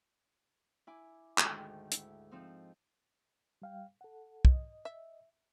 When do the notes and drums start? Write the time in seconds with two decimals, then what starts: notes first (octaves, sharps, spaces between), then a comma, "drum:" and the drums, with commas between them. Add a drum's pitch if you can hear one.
0.87 E4 G#5 D6
1.38 D2 G#2 D#3 G#4 A4 G5, drum: clap
1.92 E4, drum: hi-hat
2.31 F3 C4 D#4
3.62 G3 F5 G5
4.01 A4 F#5
4.45 D#5, drum: kick
4.85 E5